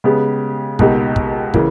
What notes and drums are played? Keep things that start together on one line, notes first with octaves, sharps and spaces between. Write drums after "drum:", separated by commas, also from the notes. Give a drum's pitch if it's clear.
C#3 G#3 B3 G4
C#2 B2 A#3 D#4 G4, drum: kick
drum: kick
C#3 E3 A#3, drum: kick